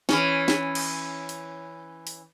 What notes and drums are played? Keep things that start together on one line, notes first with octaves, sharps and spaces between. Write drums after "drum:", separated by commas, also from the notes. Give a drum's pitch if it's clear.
E3 C#4, drum: snare
drum: snare
drum: cymbal
drum: open hi-hat
drum: open hi-hat